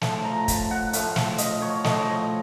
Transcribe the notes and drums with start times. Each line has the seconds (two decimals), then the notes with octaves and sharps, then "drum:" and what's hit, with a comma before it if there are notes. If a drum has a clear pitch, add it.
0.01 A2 F3 A5, drum: snare
0.24 A#5
0.48 A5, drum: kick, hi-hat
0.71 F#5
0.93 A2 F3 F5, drum: hi-hat
1.16 drum: snare
1.38 D#5, drum: hi-hat
1.62 C#5
1.84 A2 F3 D#5, drum: snare